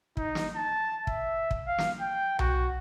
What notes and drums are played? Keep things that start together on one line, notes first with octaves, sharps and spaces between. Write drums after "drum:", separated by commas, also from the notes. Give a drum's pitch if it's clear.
D#4, drum: kick
drum: snare
A5
E5, drum: kick
drum: kick
F5
drum: snare
G5
F#4, drum: tom B1